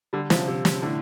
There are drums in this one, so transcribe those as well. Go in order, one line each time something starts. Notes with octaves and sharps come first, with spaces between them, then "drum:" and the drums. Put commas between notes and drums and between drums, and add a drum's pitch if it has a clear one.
D3 G3
C3 F3, drum: snare
C3
drum: snare
A2 D3